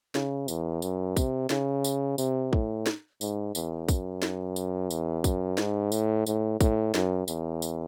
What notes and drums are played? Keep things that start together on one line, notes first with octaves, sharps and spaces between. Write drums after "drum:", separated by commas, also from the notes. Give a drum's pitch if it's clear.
C#3, drum: snare
E2, drum: tambourine
F#2, drum: tambourine
C3, drum: kick, tambourine
C#3, drum: snare
drum: tambourine
C3, drum: tambourine
A2, drum: kick
drum: snare
G#2, drum: tambourine
E2, drum: tambourine
F#2, drum: kick, tambourine
drum: snare
drum: tambourine
E2, drum: tambourine
F#2, drum: kick, tambourine
G#2, drum: snare
A2, drum: tambourine
A2, drum: tambourine
A2, drum: kick, tambourine
F#2, drum: snare
E2, drum: tambourine
drum: tambourine